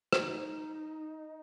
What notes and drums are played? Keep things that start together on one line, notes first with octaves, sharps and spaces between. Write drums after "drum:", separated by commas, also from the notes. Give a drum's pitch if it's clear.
D#4, drum: rim click